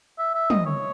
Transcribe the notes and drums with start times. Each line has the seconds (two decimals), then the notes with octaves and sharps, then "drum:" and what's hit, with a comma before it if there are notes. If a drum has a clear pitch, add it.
0.19 E5
0.35 E5
0.50 D#5, drum: tom
0.66 C#5